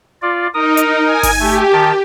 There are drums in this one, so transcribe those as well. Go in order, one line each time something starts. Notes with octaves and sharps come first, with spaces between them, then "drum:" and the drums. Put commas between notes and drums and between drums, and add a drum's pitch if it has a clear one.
F4 D5
D#4 A#4 D#6
drum: hi-hat
G#5
drum: kick G1, open hi-hat
A3 G4
D#3 A5